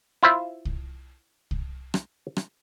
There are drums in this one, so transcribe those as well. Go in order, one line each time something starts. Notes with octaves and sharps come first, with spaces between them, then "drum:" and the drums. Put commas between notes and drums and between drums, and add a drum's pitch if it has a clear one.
E4 F4 C5 E5
drum: kick C2
drum: kick C2
drum: rim click
drum: rim click